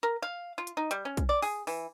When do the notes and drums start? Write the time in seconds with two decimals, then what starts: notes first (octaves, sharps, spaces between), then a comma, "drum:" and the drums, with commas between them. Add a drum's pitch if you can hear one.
0.03 A#4
0.22 F5
0.58 F4
0.67 drum: hi-hat
0.77 D#4
0.91 G3, drum: hi-hat
1.05 C#4
1.17 drum: kick, hi-hat
1.29 D5
1.42 G#4, drum: open hi-hat
1.67 E3, drum: open hi-hat